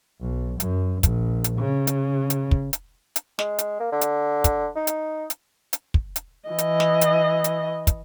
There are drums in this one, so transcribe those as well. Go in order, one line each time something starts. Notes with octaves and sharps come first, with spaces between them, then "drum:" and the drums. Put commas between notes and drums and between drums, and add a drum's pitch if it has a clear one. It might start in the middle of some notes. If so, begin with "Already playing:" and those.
B1
F#2, drum: hi-hat
A#1, drum: kick, hi-hat
drum: hi-hat
C#3
drum: hi-hat
drum: hi-hat
drum: kick
drum: hi-hat
drum: hi-hat
G#3, drum: snare
drum: hi-hat
A#3
D3
drum: hi-hat
drum: kick, hi-hat
D#4
drum: hi-hat
drum: hi-hat
drum: hi-hat
drum: kick
drum: hi-hat
E3 D#5
drum: hi-hat
drum: snare
drum: hi-hat
drum: hi-hat
drum: kick, hi-hat